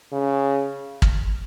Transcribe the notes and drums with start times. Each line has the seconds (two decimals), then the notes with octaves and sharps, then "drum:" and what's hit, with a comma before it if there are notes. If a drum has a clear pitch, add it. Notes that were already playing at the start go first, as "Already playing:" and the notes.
0.12 C#3
1.02 drum: kick